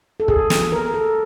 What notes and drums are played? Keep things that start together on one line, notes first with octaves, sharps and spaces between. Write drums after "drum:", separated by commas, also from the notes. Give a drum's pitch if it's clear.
A4
G#4, drum: kick
drum: snare
A#4
A4